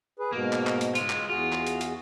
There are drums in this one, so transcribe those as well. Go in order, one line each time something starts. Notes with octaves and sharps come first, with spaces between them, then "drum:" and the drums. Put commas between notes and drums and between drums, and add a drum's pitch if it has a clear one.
G#4 B4
G#2 B2 A#3
drum: clap
drum: clap
drum: hi-hat
G#3 F4, drum: hi-hat
drum: clap
E2 F4 F#4 G#4
drum: clap
drum: hi-hat
drum: hi-hat